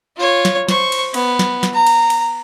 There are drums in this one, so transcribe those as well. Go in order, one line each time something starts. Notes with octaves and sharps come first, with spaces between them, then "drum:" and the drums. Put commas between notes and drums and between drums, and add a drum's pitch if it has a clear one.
F4 C#5
drum: snare
C5 C#6, drum: snare
drum: cymbal
B3, drum: cymbal
drum: snare
drum: snare
A#5
drum: cymbal
drum: cymbal